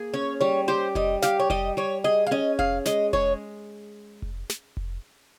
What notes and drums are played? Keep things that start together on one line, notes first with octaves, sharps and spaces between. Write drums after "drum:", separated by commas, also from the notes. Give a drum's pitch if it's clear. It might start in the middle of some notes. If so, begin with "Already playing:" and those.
Already playing: A#3 G#4
C#4 C#5
G3 C#5
G4 C5
G3 D#5, drum: kick F1
G4 F5, drum: snare
C#5
G3 D#5, drum: kick F1
G3 C#5
G#4 D#5
F5
C#4 D#5
G#4 F5, drum: kick F1
G#3 D#5, drum: snare
G#3 C#5, drum: kick F1
drum: kick F1
drum: snare
drum: kick F1